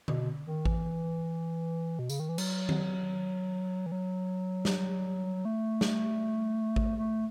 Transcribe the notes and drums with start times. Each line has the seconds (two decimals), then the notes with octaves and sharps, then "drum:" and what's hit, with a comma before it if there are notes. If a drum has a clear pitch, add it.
0.08 B2, drum: tom D3
0.47 D#3
0.65 E3, drum: kick A1
1.99 B2
2.10 C#3, drum: tambourine
2.20 D#3
2.29 E3
2.38 F#3, drum: cymbal
2.69 drum: tom D#3
3.86 E3
3.92 F#3
4.65 drum: snare
5.45 A3
5.81 drum: snare
6.76 drum: kick A1
6.98 A3